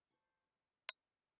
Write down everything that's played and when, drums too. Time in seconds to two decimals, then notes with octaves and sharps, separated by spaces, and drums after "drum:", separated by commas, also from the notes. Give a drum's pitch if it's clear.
0.10 C5 A5 C#6
0.89 drum: hi-hat